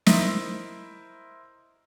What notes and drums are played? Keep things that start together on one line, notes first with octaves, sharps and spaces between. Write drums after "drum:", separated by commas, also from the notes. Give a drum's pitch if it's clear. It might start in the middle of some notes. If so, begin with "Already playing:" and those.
E4 A#4 C5 D#5 E5, drum: snare